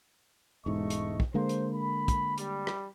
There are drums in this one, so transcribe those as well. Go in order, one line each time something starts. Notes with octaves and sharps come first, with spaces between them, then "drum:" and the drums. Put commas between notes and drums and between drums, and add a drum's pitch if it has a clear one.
E1 G#2 A3 D#5 C#6
drum: hi-hat
drum: kick
D3 G#3 A#3 C5
drum: hi-hat
B5
drum: kick, hi-hat
G3, drum: hi-hat
drum: rim click